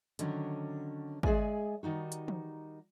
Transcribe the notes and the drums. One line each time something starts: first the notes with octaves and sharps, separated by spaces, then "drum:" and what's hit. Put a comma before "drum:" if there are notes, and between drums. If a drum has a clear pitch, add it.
D3 D#3 F#3 C#4 D4, drum: hi-hat
G#3 G#4 D5 E5 G#5, drum: kick
D#3 G3 D#4 F#4
drum: hi-hat
drum: tom E3